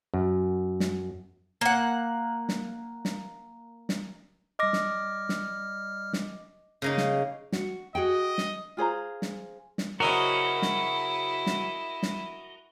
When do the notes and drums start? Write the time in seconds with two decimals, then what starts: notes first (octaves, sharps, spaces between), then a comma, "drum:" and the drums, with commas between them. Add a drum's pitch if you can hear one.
0.14 F#2
0.80 drum: snare
1.61 A#3 F#5
2.49 drum: snare
3.05 drum: snare
3.89 drum: snare
4.59 G3 D#5 D6 F6 A#6
4.73 drum: snare
5.29 drum: snare
6.13 drum: snare
6.82 C#3 A#3 C#4 D#4
6.98 drum: snare
7.52 F#4, drum: snare
7.95 F#4 G#4 D#5 G5
8.38 drum: snare
8.77 F4 G#4 C5 A#5
9.22 drum: snare
9.78 drum: snare
10.00 C#3 F#3 C4 E4 F#4 A#4 D#5
10.62 drum: snare
11.46 drum: snare
12.03 drum: snare